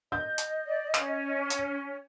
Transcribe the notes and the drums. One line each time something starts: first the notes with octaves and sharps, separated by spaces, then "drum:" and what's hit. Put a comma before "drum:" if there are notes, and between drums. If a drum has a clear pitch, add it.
D#5 G6
drum: hi-hat
D5
C#4, drum: clap
drum: hi-hat